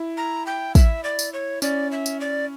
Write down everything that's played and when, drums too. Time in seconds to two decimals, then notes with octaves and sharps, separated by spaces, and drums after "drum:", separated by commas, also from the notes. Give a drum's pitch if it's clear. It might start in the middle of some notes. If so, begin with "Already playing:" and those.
Already playing: E4
0.17 A#5
0.46 G5
0.75 E5, drum: kick, tambourine
1.04 D5
1.19 drum: tambourine
1.33 C#5
1.62 C#4 D5, drum: tambourine
1.92 E5
2.06 drum: tambourine
2.20 D5